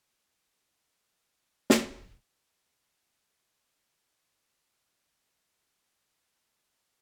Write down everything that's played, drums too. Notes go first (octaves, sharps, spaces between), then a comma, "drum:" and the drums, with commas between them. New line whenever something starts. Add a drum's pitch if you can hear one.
G#5
drum: snare
G5
D#5
G4
D4
D4
D#4
E4
F4
G4
F4
D#4